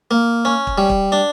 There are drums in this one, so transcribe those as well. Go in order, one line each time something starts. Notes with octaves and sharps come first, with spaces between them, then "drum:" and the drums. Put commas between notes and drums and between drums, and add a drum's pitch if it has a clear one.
A#3
C#4
drum: kick
G3
drum: kick
D4